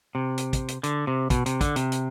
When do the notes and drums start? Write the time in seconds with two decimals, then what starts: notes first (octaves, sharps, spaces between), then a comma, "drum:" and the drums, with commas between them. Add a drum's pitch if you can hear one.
0.15 C3
0.38 drum: hi-hat
0.53 drum: kick, hi-hat
0.68 drum: hi-hat
0.83 D3, drum: hi-hat
1.07 C3
1.30 B2, drum: kick, hi-hat
1.46 C3, drum: hi-hat
1.61 D3, drum: kick, hi-hat
1.76 C3, drum: hi-hat
1.92 drum: hi-hat